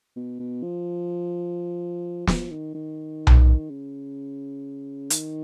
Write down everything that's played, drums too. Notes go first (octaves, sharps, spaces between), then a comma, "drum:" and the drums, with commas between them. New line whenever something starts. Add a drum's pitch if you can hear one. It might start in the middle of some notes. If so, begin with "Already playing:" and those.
B2
B2
F3
F3, drum: snare
D#3
D#3
drum: tom B1
C#3
D#3, drum: hi-hat